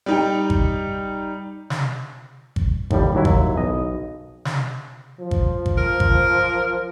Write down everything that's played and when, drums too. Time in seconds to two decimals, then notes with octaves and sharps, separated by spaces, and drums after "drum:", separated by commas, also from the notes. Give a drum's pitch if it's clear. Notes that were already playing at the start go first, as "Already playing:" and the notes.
0.06 G3 D#4 G5
0.50 drum: kick
1.70 drum: snare
2.56 drum: kick
2.91 D#2 A2 G3, drum: kick
3.15 D#2 F#3 E4
3.25 drum: kick
3.56 B1 D#5
4.45 drum: snare
5.20 F3
5.31 drum: kick
5.66 drum: kick
5.77 A#4
6.00 drum: kick